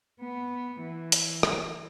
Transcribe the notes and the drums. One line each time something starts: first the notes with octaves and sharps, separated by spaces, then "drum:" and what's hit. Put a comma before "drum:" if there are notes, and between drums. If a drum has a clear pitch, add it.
B3
E3
drum: hi-hat
drum: rim click